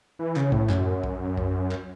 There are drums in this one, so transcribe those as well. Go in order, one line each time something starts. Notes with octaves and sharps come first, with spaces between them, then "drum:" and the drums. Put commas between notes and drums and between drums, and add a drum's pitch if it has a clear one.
E3
C#3, drum: clap
A2, drum: kick
F#2, drum: clap
drum: kick
drum: kick
drum: clap